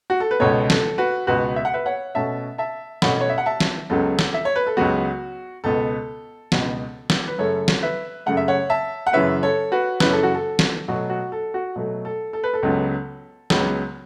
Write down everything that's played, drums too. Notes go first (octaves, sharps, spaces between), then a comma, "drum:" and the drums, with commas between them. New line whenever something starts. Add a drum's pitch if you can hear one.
F#4
A4
B4
C#2 B2 B3 A4 C#5
A4, drum: snare
F#4 B4
C#2 B2 B3 F#4 B4
E5
F#5
B4 E5
C#5 F#5
B2 A3 C#4 E5 A5
E5 A5
B2 A3 C#4 F#5 B5, drum: snare
C#5
E5
F#5
E5 A5
drum: snare
C#2 C#3 F#3 B3 A4
drum: snare
E5
C#5
B4
A4
C#2 C#3 F#3 B3 F#4
C#2 B2 B3 A4
C#2 B2 B3, drum: snare
drum: snare
B4
F#2 C#3 A3 A4 C#5
drum: snare
B4 E5
F#2 C#3 A3 F#5
E5
C#5 F#5
E5 A5
F#5
F#2 C#3 E3 C#4 B4 E5
A4 C#5
F#4 B4
F#2 C#3 E3 C#4 B4, drum: snare
A4
F#4
A4
drum: snare
B2 F#3 A3 F#4
F#4
A4
F#4
B2 F#3 A3
A4
A4
B4
A4
C#2 C#3 F#3 B3
C#2 C#3 F#3 B3, drum: snare